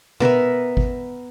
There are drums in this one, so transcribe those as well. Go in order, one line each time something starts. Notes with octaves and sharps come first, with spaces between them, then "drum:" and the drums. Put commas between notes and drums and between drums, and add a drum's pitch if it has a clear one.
B3 A#4 B4 E5, drum: tom B2
drum: kick G#1